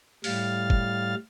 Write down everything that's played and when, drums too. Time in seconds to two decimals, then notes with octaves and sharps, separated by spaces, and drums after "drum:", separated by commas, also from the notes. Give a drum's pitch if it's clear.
0.24 A2 G3 F5 F6 A6, drum: open hi-hat
0.70 drum: kick F#1